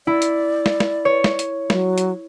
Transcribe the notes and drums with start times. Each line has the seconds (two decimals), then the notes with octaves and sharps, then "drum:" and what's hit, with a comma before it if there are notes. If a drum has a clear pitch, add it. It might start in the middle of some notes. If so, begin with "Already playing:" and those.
0.07 E4 D5
0.22 drum: hi-hat
0.66 drum: snare
0.80 drum: snare
1.05 C#5
1.24 drum: snare
1.39 drum: hi-hat
1.70 F#3, drum: snare
1.98 drum: hi-hat